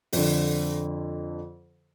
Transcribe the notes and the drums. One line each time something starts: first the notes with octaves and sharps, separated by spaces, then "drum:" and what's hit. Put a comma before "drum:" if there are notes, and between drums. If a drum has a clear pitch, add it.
F2 D3, drum: open hi-hat